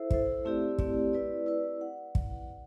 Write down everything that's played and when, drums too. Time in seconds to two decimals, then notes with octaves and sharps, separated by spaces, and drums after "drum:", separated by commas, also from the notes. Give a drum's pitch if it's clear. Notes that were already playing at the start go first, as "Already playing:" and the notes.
Already playing: E4 A4 C5 E5
0.11 E4 A4 C5 E5, drum: kick
0.45 A3 C4 E4 G4 D5
0.78 A3 C4 E4 G4 D5, drum: kick
1.13 E4 B4 D5
1.46 E4 B4 D5
1.81 F#5
2.15 drum: kick